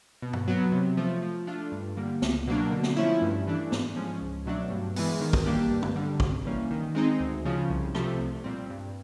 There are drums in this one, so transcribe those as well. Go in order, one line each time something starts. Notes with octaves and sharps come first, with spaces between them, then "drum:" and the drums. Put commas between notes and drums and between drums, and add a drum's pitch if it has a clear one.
B2
drum: tom G2
F#3 B3
C3
F3 A3
F3
A3 D4 F4
G2
D3 G3 A#3
C#2, drum: snare
B2 F#3 A#3 D4
D3
drum: snare
F3 A3 C#4 E4
G2
E3 A3 D4
G#2, drum: snare
F3 G#3 C#4
C#2
B2 F#3 A3 D4
G2
E3 G#3 B3, drum: open hi-hat
D#3
drum: kick
G3 A#3 D4 G4
G2
drum: tom
D3 G3
C3, drum: kick
E3 G3 A#3 C#4
D#3
G#3 C4 D#4
D2
C#3 F3
C2
C3 F3 A3, drum: rim click
C2
A#2 G3 C4
G2